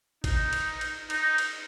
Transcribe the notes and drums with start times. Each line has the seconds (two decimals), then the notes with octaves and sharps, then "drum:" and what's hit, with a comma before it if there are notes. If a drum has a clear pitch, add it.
0.24 D#4, drum: kick G#1, cymbal
0.53 drum: cymbal
0.81 drum: cymbal
1.10 D#4, drum: cymbal
1.38 drum: cymbal